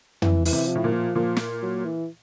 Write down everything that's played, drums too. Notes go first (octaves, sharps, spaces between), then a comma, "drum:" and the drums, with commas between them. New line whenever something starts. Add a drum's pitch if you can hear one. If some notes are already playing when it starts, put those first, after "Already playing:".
E3, drum: tom
E3, drum: open hi-hat
C3
F3
A2
A#2
F3
A#2 F3
drum: snare
F#3
E3